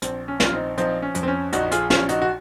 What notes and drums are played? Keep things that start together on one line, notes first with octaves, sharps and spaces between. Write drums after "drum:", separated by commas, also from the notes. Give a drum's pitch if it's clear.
A#1 C4, drum: hi-hat
C#4
A#1, drum: snare
F4
C4 D#4
F3 C4 D#4, drum: hi-hat
C#4
F2, drum: hi-hat
C4
C#4
A#1 D#4 F#4, drum: hi-hat
F4 G#4, drum: hi-hat
A#1 C#4 F4, drum: snare
D#4 F#4, drum: hi-hat
F#4